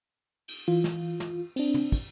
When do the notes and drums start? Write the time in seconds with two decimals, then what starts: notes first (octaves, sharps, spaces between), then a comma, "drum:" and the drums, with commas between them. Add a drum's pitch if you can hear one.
0.48 drum: cymbal
0.68 E3 F4
0.84 drum: snare
1.20 drum: snare
1.56 C4 D4, drum: cymbal
1.74 drum: tom
1.92 drum: kick, cymbal